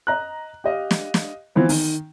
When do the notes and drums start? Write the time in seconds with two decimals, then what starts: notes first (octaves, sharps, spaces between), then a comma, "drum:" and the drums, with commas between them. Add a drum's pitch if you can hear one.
0.07 D#5 A#5 F#6
0.64 G4 D#5 F5
0.91 drum: snare
1.14 drum: snare
1.55 E3 F3 B3 C4
1.69 D#3, drum: open hi-hat